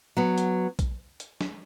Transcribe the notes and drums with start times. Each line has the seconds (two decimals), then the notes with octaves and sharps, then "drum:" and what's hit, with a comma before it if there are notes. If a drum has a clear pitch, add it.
0.17 F#3 B3
0.38 drum: hi-hat
0.79 drum: kick, hi-hat
1.20 drum: hi-hat
1.41 drum: snare